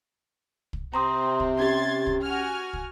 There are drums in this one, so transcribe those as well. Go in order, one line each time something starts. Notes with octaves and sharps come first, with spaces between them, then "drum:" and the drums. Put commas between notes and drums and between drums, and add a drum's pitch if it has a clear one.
drum: kick
C3 C4 A#5 C6 D#6
drum: kick
C#4 G4 C6 G#6 A6
drum: kick
F#4 G#5 F6
drum: kick